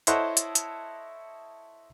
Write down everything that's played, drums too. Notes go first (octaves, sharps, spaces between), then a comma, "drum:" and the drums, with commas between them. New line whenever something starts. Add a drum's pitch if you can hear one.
E4 A4 C5 C#5 D#5 F#5, drum: hi-hat
drum: hi-hat
drum: hi-hat